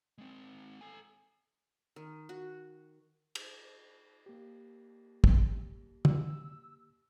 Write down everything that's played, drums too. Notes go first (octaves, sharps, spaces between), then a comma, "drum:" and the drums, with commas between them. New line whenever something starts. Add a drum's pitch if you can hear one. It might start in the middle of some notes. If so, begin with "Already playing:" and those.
G#3 C4
A4 G#5
D#3
F#4
drum: cymbal
A#3 G4
drum: kick
E6, drum: tom